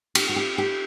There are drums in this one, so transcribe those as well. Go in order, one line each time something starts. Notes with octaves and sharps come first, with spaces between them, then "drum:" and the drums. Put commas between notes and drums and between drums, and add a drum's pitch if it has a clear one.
G4, drum: cymbal
F#4
G4
G4